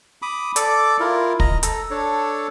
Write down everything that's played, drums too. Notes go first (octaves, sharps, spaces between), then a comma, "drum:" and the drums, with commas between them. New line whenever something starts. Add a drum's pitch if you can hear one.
B5 D6 D#6
A4 D5 D6, drum: hi-hat
E4 F4 A#4
D#5 A#5, drum: kick
A4 A#5, drum: hi-hat
D4 A4 C#5